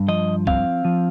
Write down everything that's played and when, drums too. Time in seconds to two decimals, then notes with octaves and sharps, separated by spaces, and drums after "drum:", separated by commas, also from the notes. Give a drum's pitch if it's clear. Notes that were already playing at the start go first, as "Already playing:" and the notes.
Already playing: G2
0.08 F3 D#5
0.47 C4 F5, drum: kick
0.85 F3